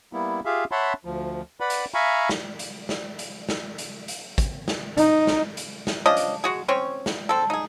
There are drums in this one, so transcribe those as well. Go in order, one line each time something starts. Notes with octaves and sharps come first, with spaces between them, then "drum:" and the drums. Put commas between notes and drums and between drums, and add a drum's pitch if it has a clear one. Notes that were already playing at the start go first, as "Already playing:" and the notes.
G3 A#3 B3 E4
F4 G4 G#4 E5 F5
C#5 E5 F#5 A5 B5 C6
D2 F3
B4 D5 F#5 B5
drum: hi-hat
E5 F5 G#5 A#5 B5 C#6
drum: snare
drum: hi-hat
drum: snare
drum: hi-hat
drum: snare
drum: hi-hat
drum: hi-hat
drum: kick, hi-hat
drum: snare
D#4, drum: hi-hat
drum: snare
drum: hi-hat
drum: snare
F3 C#4 D4 D#5
drum: hi-hat
G#3 F#4 G#4
C4 C#4 C#5
drum: snare
C4 A4
D#4 G#4